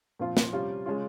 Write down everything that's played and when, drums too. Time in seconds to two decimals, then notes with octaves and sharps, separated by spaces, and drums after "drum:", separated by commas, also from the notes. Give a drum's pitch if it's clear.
0.19 A#2 F3 C4 F4
0.37 drum: snare
0.53 C3 G3 C#4 F4
0.86 C#3 G#3 C#4 F4